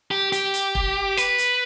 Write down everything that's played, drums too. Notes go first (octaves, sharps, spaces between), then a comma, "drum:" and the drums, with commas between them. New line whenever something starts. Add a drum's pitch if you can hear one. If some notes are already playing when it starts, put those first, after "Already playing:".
G4
G4, drum: hi-hat
drum: hi-hat
drum: kick
B4, drum: hi-hat
drum: hi-hat